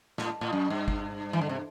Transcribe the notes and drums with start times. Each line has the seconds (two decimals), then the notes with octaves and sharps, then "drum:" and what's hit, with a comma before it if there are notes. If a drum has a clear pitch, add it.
0.18 A2, drum: snare
0.41 A2
0.53 F#2
0.70 G2
0.88 drum: kick
1.33 E3
1.41 D3
1.49 C3